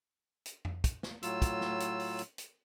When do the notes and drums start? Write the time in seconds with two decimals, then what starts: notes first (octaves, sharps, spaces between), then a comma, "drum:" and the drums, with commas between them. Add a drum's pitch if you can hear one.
0.46 drum: hi-hat
0.65 drum: tom F2
0.84 drum: kick, hi-hat
1.03 drum: snare
1.23 A2 F#3 F4 E6, drum: hi-hat
1.42 drum: kick, hi-hat
1.61 drum: snare
1.80 drum: hi-hat
2.00 drum: open hi-hat
2.19 drum: hi-hat
2.38 drum: hi-hat